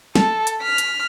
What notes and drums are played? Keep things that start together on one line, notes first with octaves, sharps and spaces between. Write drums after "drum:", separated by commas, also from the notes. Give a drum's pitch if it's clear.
A4, drum: snare
drum: hi-hat
F6 B6
drum: hi-hat